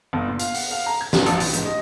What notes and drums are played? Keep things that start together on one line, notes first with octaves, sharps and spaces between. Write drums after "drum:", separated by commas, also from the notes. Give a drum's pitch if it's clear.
G1
A#2
F5, drum: hi-hat
F#5, drum: open hi-hat
F5
A#5
G#6
F1, drum: snare
A#1, drum: hi-hat
E3, drum: open hi-hat
G#2, drum: hi-hat
D#5